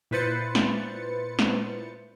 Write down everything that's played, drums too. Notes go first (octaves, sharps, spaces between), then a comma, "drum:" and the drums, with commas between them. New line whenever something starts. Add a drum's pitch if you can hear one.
A#2 E4 B4 C5 A6 C#7
drum: snare
drum: snare